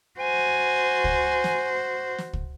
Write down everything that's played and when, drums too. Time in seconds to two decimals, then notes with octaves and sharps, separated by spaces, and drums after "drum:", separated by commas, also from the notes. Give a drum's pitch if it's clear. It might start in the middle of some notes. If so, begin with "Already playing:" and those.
0.20 F#4 C5 G#5
1.04 drum: kick
1.44 drum: snare
2.18 drum: snare
2.33 drum: kick